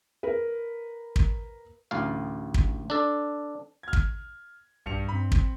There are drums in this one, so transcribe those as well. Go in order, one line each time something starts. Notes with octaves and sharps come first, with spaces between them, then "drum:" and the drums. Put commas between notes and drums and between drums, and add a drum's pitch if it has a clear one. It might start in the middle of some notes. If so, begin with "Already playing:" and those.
A#4 B4
drum: kick
A1 D2 F5
drum: kick
D4 A4
F6 G#6
drum: kick
B1 G2 C#7 F7
G2 C4 B5
drum: kick